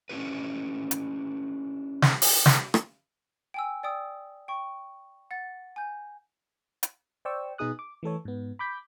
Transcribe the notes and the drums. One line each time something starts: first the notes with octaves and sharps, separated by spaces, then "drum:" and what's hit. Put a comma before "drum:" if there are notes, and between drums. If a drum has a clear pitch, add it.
C#4 D4 E4 G4 B4
drum: hi-hat
drum: snare
drum: open hi-hat
drum: snare
drum: rim click
G5 G#5 E6
D5 G5 D#6 E6
G5 C#6
F#5 A6
G#5 G6
drum: hi-hat
C5 D5 G5 C#6 E6
B2 B3 D#4 G#4 D#6 F#6
D6
E3 A3 A4 C#5
G#2 B3
B5 D6 G6 B6